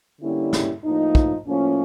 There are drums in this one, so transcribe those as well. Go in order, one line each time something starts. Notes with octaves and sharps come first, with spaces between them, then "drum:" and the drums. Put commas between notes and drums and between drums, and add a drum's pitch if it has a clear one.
D3 G3 A#3 C#4 E4
drum: snare
A2 F3 A#3 D#4
drum: kick
A2 F3 A#3 C#4